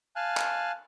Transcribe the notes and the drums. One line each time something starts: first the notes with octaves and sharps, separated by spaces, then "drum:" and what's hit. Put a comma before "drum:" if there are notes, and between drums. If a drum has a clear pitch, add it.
F5 G#5 A5 F6 F#6
drum: clap